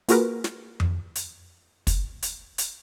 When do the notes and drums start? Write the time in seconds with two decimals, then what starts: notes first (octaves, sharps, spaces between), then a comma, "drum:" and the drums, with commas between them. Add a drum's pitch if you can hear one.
0.08 A#3 F4 F#4 G#4 A#4 B4, drum: hi-hat
0.44 drum: snare
0.80 drum: tom F2
1.15 drum: hi-hat
1.87 drum: kick, hi-hat
2.22 drum: hi-hat
2.58 drum: hi-hat